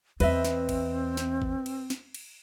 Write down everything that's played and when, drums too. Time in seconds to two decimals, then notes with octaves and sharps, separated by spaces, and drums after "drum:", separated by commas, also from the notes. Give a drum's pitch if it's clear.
0.20 E2 C4 B4 D#5 E5, drum: cymbal
0.44 drum: snare
0.69 drum: kick G#1, cymbal
1.17 drum: snare
1.42 drum: kick G#1
1.66 drum: cymbal
1.90 drum: snare
2.14 drum: cymbal